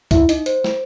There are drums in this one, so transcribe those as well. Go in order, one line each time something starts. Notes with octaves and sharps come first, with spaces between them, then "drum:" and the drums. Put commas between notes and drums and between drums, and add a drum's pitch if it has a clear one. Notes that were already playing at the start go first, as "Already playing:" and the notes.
E4 E5, drum: kick C#2, hi-hat
D#4 D#5, drum: hi-hat
C5, drum: hi-hat
drum: snare